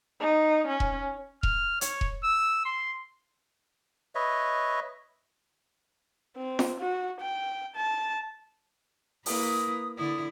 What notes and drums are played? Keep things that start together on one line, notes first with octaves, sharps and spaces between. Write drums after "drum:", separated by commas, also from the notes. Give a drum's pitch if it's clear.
D#4
C#4
drum: kick E1
F6, drum: kick E1
C#5, drum: hi-hat
drum: kick E1
E6
C6
B4 C#5 D#5 E5
C4
drum: snare
F#4
G5
A5
A#3 E4 B4 D#6, drum: open hi-hat
D3 E4 D#6